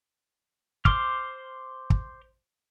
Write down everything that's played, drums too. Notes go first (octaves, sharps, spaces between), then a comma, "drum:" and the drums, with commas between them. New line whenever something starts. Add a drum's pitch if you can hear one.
C5 C6 D6 F6, drum: kick
drum: kick